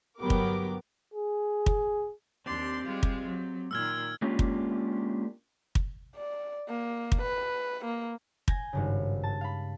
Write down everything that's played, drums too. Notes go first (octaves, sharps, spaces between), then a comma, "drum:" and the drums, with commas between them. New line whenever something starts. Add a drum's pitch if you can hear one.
G1 F#3 B3 G4 A#4 D6
drum: kick
G#4
drum: kick
D#2 C4 D4 G4 D5 C6
G3 G#3 F4
drum: kick
F#3
A#2 D#3 E6 F6 G#6
G#3 A#3 C#4 D4 F4 G4
drum: kick
drum: kick
D5
A#3
drum: kick
B4
A#3
G#5 G6 G#6 A#6, drum: kick
G#1 G2 C#3
A5
F5 B5